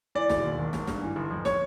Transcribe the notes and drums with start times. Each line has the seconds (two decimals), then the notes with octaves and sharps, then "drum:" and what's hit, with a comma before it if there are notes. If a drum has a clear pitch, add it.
0.15 E3 D5
0.30 E1, drum: snare
0.44 D#2
0.59 G#1
0.73 G#1, drum: snare
0.87 G2, drum: snare
1.02 E3
1.16 G1
1.31 F2
1.45 C#5, drum: snare